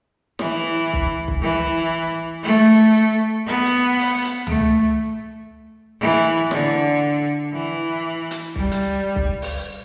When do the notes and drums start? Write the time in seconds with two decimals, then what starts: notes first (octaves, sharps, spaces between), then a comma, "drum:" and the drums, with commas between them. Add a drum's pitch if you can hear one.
0.39 E3, drum: snare
0.93 drum: kick B1
1.28 drum: kick B1
1.42 E3
2.43 A3
3.46 B3
3.66 drum: hi-hat
3.99 drum: open hi-hat
4.24 drum: hi-hat
4.47 A3, drum: tom C#2
6.00 E3
6.51 D3, drum: snare
7.53 E3
8.31 drum: hi-hat
8.56 G3, drum: kick B1
8.72 drum: hi-hat
9.16 drum: kick B1
9.42 drum: open hi-hat